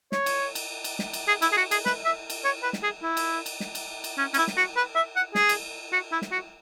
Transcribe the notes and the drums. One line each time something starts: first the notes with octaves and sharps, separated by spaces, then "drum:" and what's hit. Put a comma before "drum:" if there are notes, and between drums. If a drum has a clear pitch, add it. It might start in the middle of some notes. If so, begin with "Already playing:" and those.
C#5, drum: snare
drum: cymbal
drum: cymbal
drum: cymbal
drum: snare
drum: cymbal
G#4
E4, drum: cymbal
G#4
F#4
G#4, drum: cymbal
B4, drum: snare
E5
drum: cymbal
C#5
B4
drum: snare
G#4
E4
drum: cymbal
drum: cymbal
drum: snare
drum: cymbal
drum: cymbal
C#4
C#4, drum: cymbal
E4
drum: snare
F#4
B4
E5
F#5
G#4, drum: snare
drum: cymbal
F#4
E4
drum: snare
F#4